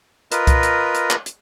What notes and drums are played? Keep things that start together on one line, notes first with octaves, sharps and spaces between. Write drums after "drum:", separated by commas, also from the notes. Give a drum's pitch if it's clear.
F4 A#4 B4 D#5, drum: hi-hat
drum: kick C2, hi-hat
drum: hi-hat
drum: hi-hat
drum: clap
drum: hi-hat